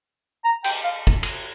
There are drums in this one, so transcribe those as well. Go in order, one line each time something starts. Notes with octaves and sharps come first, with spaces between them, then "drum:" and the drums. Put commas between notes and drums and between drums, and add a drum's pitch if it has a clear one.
A#5
G5, drum: cymbal
F5
drum: kick
drum: cymbal